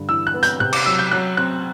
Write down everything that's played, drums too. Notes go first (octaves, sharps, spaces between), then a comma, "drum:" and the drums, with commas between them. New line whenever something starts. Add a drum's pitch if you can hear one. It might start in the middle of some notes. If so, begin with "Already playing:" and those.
Already playing: G2 D3
E3 E6
F#6
B3
G6, drum: hi-hat
C3 F#6
D6, drum: cymbal
F#3 E6
G6
F#3 F#6
C4 F#6